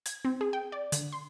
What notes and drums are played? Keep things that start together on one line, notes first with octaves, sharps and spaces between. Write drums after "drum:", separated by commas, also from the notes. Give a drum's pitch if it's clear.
G#6, drum: hi-hat
C4
G#4
G5
D5
D3, drum: hi-hat
C6